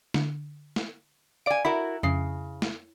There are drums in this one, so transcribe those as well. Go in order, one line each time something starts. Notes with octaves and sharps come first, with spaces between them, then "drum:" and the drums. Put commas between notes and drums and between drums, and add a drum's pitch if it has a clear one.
D3, drum: snare
drum: snare
D5 F5 G#5 D7
E4 F#4 A#4 B5
F2 C#3 C7
drum: snare